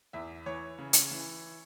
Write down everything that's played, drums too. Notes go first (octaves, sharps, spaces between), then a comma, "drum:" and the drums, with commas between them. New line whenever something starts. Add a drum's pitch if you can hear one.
E2 E5
E3 C#5
C#3
drum: hi-hat
E3